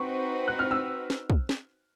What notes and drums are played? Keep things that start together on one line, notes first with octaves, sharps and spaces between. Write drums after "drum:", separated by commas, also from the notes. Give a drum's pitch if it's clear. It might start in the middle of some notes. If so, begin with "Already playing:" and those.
Already playing: C4 D#4 F#4 B4 C#6
F#6
F6
E6
drum: snare
drum: kick
drum: snare